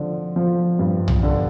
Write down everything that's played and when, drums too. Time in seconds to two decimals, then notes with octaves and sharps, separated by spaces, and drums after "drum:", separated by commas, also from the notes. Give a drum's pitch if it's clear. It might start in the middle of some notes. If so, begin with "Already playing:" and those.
Already playing: D3 F3
0.36 F3
0.79 G2
1.08 drum: tom
1.23 D3